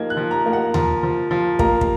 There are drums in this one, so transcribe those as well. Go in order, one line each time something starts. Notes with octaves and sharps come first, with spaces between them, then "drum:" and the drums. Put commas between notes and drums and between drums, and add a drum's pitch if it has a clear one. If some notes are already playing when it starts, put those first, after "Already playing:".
Already playing: F3 A#3 D#4 G#6
F#6
F3
A#5
A#3
F#5
F3 A#5, drum: tom D#2
F3
F3
A#3 A#5, drum: kick
drum: kick